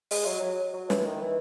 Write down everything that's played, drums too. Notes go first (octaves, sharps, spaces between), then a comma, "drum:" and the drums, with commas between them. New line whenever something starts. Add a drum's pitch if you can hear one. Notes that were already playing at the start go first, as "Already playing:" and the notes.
G#3, drum: open hi-hat
F#3
F#3
F#3
E3, drum: snare
D#3
E3